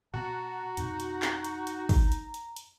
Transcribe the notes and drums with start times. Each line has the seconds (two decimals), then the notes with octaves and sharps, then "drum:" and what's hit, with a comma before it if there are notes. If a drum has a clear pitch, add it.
0.14 B2 B3 F#4 A5 A#5
0.77 F2 B2 D#4, drum: hi-hat
1.00 drum: hi-hat
1.22 drum: clap
1.44 drum: hi-hat
1.67 drum: hi-hat
1.89 drum: kick, open hi-hat
2.12 drum: hi-hat
2.34 drum: hi-hat
2.56 drum: hi-hat